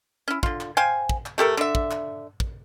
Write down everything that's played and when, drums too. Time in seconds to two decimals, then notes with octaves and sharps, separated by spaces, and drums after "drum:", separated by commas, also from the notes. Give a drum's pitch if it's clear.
0.28 C#4 E4
0.43 D3 F4, drum: kick
0.61 drum: clap
0.77 C5 F5 G5 G#5
1.09 drum: kick
1.26 drum: clap
1.38 A3 G4 A4 A#4
1.57 D3 E5
1.75 drum: kick
1.91 drum: clap
2.40 drum: kick